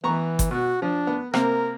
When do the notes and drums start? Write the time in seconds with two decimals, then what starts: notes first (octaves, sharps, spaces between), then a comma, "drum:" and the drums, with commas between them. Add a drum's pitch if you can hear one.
0.04 E3 B3 A#5 C#6
0.39 drum: kick G1, hi-hat
0.51 B2 F#4
0.82 F3 D4
1.07 B3
1.34 C3 A#3 C4 A#4, drum: rim click